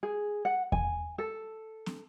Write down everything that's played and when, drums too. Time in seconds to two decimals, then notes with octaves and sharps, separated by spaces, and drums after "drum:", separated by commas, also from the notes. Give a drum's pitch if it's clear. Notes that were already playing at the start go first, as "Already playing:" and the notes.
0.03 G#4
0.45 F#5
0.72 G#5, drum: kick E2
1.18 A4
1.86 drum: snare